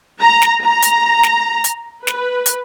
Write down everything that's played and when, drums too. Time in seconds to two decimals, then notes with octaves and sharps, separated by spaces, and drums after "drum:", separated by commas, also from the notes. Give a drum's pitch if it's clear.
0.21 A#5
0.42 drum: snare
0.64 A#5
0.82 drum: hi-hat
1.23 drum: snare
1.64 drum: hi-hat
2.07 B4, drum: snare
2.46 drum: hi-hat